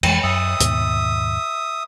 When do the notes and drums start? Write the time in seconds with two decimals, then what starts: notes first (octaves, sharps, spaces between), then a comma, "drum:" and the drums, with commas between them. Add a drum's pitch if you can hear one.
0.03 F2 E3 G#3, drum: cymbal
0.24 F#2 E5 D#6
0.60 D#2 G#2 B2, drum: hi-hat